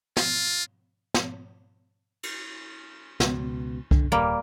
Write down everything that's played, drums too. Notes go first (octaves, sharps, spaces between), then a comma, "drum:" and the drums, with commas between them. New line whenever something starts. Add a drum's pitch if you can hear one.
F4, drum: snare
drum: snare
drum: cymbal
C#2 B2, drum: snare
F#1 D3, drum: kick C2
D#1 G3 A#3